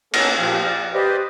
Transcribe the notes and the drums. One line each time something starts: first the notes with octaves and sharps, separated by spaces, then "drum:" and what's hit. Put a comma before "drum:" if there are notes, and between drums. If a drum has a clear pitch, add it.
A#3 B3 C#4 A4, drum: cymbal
A#2 F3 C4 G4
D5
G4 B4 C5 D5 D#5